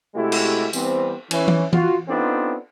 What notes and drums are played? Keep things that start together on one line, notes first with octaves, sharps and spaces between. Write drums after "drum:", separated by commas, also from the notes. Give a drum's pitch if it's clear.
C3 G#3 A3 E4 F#4 G4
drum: cymbal
E3 G3 B3 C4, drum: tambourine
E3 C#4, drum: cymbal
drum: tom E3
F4 F#4, drum: tom E3
B3 C4 D4 D#4 F4 A4